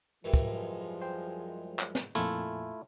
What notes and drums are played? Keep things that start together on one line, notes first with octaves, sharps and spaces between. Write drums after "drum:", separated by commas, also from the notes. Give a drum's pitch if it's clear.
F#2 E3 F3 G3 G#3
drum: kick
C5 G5
drum: clap
drum: snare
F2 A#2 A3 E4 F4 G#5